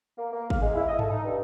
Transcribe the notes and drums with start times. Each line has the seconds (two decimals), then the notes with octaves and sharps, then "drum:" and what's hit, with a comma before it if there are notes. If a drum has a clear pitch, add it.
0.18 A#3
0.32 A#3
0.50 F5, drum: kick
0.62 G#3
0.75 E4
0.87 D#5
0.99 A4, drum: tom G2
1.11 D#4
1.25 G2